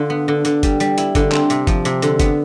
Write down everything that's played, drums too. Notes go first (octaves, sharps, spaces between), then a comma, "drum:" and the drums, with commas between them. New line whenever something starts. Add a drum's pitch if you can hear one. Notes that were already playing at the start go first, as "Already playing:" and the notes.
Already playing: D3 D4 F4
B3
D3
D3, drum: hi-hat
G3, drum: kick G1, hi-hat
G3, drum: hi-hat
E4, drum: hi-hat
D3, drum: kick G1, hi-hat
C4, drum: clap
C3, drum: hi-hat
F3, drum: kick G1, hi-hat
C3, drum: hi-hat
D3, drum: hi-hat
B3, drum: kick G1, hi-hat